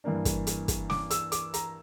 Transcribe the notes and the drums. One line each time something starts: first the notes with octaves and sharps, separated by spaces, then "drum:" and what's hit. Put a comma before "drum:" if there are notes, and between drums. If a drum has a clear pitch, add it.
G2 E3 A#3 D4
drum: kick, hi-hat
drum: hi-hat
drum: kick, hi-hat
D6, drum: snare
E6, drum: hi-hat
D6, drum: hi-hat
A#5, drum: hi-hat